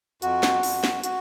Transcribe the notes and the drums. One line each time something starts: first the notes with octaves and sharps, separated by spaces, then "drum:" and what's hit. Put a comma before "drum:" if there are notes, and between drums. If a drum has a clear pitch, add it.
F2 F#4, drum: hi-hat
drum: snare
F2, drum: open hi-hat
drum: snare
F#4, drum: hi-hat